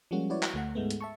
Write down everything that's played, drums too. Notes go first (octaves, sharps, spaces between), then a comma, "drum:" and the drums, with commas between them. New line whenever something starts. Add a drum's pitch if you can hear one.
F3 G3 G#3 A#3 C#4 F#4
E4 F#4 B4 C#5 D5
drum: clap
D2 A3 F#5
G#2 G#3 A3 B3
drum: hi-hat
E5 A5 C#6